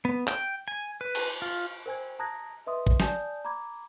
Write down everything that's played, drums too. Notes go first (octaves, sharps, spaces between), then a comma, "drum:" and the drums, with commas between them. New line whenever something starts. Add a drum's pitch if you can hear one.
B3
G5, drum: clap
G#5
B4
drum: cymbal
F4
A#4 C5 G5 G#5 G#6
A5 A#5 D#6 F#6 G#6 A#6
B4 D#5 E5 C6 D#6
drum: kick G#1
D5 G#5 A5 D#6 G6, drum: snare
A#5 B5 D6 G#6